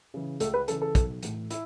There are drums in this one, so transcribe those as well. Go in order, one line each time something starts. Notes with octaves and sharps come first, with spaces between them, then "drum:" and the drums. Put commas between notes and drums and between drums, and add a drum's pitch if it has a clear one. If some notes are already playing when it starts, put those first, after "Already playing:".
C#3 E3
C#2 A3, drum: hi-hat
B4
C#3 E3 A4, drum: hi-hat
A4
B1, drum: kick, hi-hat
A2 E3, drum: hi-hat
E4, drum: hi-hat